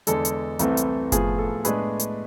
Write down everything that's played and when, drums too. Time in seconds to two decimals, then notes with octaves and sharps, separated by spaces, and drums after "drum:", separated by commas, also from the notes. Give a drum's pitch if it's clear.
0.07 E2 D3 G#3 A4, drum: hi-hat
0.25 drum: hi-hat
0.59 C2 C3 E3 A3 C4, drum: hi-hat
0.77 drum: hi-hat
1.12 A2 F3 B3 G#4, drum: kick F#1, hi-hat
1.38 A4
1.65 A2 G#3 B3 D4 G#4 B4, drum: hi-hat
2.00 drum: hi-hat